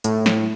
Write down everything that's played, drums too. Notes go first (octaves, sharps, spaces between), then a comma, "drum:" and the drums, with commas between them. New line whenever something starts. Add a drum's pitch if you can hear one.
A2, drum: hi-hat
drum: snare